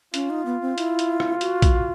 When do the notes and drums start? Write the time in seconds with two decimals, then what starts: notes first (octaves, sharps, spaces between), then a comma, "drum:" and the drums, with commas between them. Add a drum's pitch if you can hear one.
0.14 C#4 F4, drum: hi-hat
0.30 D#4
0.46 B3
0.62 C4
0.78 E4, drum: hi-hat
0.99 drum: hi-hat
1.20 drum: rim click
1.41 F#4, drum: hi-hat
1.62 drum: kick A#1, hi-hat